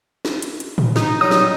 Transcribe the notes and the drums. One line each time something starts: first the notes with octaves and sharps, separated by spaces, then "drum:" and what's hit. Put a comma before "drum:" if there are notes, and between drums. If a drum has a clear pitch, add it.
drum: snare
drum: hi-hat
drum: hi-hat
drum: tom A2
D#4, drum: snare
F#3 G3 D#6
drum: snare